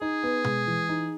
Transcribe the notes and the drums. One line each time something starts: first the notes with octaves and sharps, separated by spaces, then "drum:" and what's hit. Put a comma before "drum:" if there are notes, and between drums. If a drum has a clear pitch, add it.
D#4 G#4
B3
G#3, drum: tom B2
E3
D#4